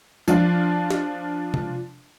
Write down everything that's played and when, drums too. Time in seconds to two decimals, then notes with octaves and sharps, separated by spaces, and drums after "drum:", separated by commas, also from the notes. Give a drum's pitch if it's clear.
0.28 F3 D4 F4, drum: tambourine
0.91 drum: snare
1.54 drum: tom C3